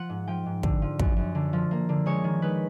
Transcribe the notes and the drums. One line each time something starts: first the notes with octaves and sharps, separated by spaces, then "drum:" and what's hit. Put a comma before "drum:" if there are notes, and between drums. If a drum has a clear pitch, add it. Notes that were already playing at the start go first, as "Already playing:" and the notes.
Already playing: F3 F#5
G#2
F3 G5
G#2
D3, drum: kick
F3
F#2, drum: kick
F#2
D3
F3
A#3
D3
G#3 C#5
D#3
G#3 B4